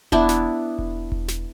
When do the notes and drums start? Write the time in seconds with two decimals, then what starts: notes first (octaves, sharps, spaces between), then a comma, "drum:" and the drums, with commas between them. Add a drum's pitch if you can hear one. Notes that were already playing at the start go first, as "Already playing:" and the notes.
0.12 B3 D4 E4, drum: kick E1
0.29 drum: snare
0.78 drum: kick E1
1.12 drum: kick E1
1.28 drum: snare